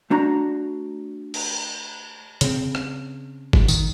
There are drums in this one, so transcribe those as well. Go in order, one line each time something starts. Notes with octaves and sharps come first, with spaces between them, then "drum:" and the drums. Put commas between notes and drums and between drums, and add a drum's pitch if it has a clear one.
A3 D4 F#4 A#5
drum: cymbal
C#3 C4, drum: hi-hat
drum: rim click
drum: kick G1
D#3, drum: tambourine